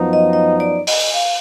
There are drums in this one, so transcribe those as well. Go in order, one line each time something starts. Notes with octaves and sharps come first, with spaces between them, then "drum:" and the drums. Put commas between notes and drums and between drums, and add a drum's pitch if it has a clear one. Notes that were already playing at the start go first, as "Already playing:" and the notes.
Already playing: F#2 F3 B3 D#4
D#5
D#5
D5
D#5, drum: open hi-hat
F5